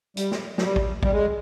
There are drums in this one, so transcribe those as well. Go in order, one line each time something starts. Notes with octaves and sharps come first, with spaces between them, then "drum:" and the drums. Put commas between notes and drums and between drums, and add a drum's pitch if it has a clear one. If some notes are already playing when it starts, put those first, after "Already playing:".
G3, drum: hi-hat
drum: snare
F#3, drum: snare
G3
drum: kick
G3, drum: kick
G#3